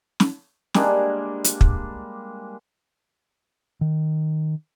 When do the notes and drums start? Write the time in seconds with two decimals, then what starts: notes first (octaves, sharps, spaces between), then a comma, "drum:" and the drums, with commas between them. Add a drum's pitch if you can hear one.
0.20 drum: snare
0.74 G3 G#3 A#3 D4, drum: snare
1.44 drum: hi-hat
1.61 drum: kick
3.81 D#3